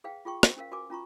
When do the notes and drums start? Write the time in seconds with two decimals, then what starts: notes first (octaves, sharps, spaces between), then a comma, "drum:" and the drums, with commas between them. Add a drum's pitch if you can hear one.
0.04 G#4 B4 F5 G5
0.25 F4 G#4 G5 C#6
0.43 C5, drum: rim click
0.57 C#4 A#4 F5
0.71 F#4 A#4 B4 G#5 D6
0.90 C#4 F4 A#5 C#6